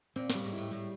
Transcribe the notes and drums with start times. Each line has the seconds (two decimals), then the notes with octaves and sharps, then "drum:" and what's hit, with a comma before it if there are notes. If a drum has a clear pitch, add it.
0.16 A#2 C4
0.30 A2, drum: snare
0.35 G3
0.44 G#2
0.53 A2 E4
0.71 A2 G3